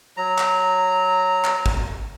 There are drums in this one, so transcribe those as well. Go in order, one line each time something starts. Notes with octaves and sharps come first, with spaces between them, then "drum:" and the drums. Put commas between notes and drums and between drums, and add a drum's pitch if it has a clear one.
F#3 A#5
drum: clap
drum: clap
drum: kick